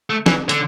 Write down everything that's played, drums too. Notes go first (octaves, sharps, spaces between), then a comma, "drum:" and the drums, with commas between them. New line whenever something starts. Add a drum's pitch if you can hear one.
A3
E3, drum: snare
D3, drum: hi-hat